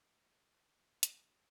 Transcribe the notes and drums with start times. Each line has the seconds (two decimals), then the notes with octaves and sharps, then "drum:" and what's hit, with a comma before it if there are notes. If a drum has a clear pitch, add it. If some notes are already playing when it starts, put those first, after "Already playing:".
Already playing: A3
0.46 B2
0.60 C#3
0.75 D3
0.89 C#3
1.03 F#3, drum: hi-hat